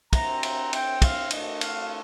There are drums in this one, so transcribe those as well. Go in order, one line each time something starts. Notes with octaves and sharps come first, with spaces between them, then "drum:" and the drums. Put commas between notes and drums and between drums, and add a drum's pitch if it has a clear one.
C4 G4 A#5, drum: kick, cymbal
A#5, drum: cymbal
G5, drum: cymbal
F5, drum: kick, cymbal
A3 D4 F4 D#5, drum: cymbal
F5, drum: cymbal